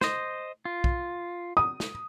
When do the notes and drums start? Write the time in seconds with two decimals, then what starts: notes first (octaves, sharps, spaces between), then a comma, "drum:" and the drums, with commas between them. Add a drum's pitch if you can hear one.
0.01 C5 D#5, drum: snare
0.65 F4
0.84 drum: kick B1
1.57 D#6
1.80 drum: snare